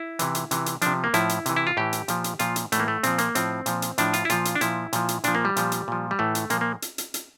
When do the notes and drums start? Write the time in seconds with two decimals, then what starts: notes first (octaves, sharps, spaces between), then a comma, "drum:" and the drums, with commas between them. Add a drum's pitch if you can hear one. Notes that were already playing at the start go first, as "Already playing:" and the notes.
Already playing: E4
0.19 C3 E3, drum: hi-hat
0.35 drum: hi-hat
0.51 C3 E3, drum: hi-hat
0.66 drum: hi-hat
0.82 C3 F3 D4, drum: hi-hat
1.04 A#3
1.14 A2 F3 E4, drum: hi-hat
1.29 drum: hi-hat
1.46 C3 E3, drum: hi-hat
1.56 E4
1.67 F4
1.77 A2 E3 G4
1.93 drum: hi-hat
2.08 A#2 F3, drum: hi-hat
2.24 drum: hi-hat
2.39 A#2 F3 F4, drum: hi-hat
2.56 drum: hi-hat
2.72 A2 E3 A3, drum: hi-hat
2.80 A#3
2.88 A3
3.03 A#2 F3 C4, drum: hi-hat
3.18 A#3, drum: hi-hat
3.35 A2 F3 C4, drum: hi-hat
3.66 A#2 F3, drum: hi-hat
3.82 drum: hi-hat
3.98 A2 F3 D4, drum: hi-hat
4.14 F4, drum: hi-hat
4.25 E4
4.30 A#2 F3 F4, drum: hi-hat
4.45 drum: hi-hat
4.55 D4
4.61 A#2 F3 E4, drum: hi-hat
4.93 A#2 F3, drum: hi-hat
5.09 drum: hi-hat
5.24 A#2 F3 D4, drum: hi-hat
5.35 A#3
5.45 G3
5.57 A#2 F3, drum: hi-hat
5.72 drum: hi-hat
5.88 A#2 F3
6.11 G3
6.19 A2 E3 A3
6.35 drum: hi-hat
6.50 A#2 F3 A#3, drum: hi-hat
6.61 A#3
6.82 drum: hi-hat
6.98 drum: hi-hat
7.14 drum: hi-hat